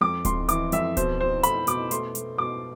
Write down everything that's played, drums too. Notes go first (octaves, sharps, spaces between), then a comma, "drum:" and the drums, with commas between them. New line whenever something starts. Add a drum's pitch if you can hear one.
F2 D6
F2 C6, drum: kick D1, hi-hat
E3 D6, drum: hi-hat
F2 E5, drum: hi-hat
B2 C5, drum: kick D1, hi-hat
B2 C5
A3 B5, drum: hi-hat
B2 D6, drum: hi-hat
A3 C6, drum: hi-hat
A3, drum: hi-hat
B2 D6